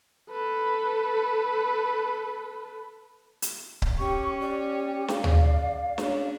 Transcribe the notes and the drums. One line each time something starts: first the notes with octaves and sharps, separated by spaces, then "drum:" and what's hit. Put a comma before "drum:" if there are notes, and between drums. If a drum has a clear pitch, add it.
A4 B4
drum: hi-hat
drum: kick C#1
C#4 G4 C#6
G4 D5
G#4 F5, drum: snare
drum: tom
C#4 D4 G#4 C#5, drum: snare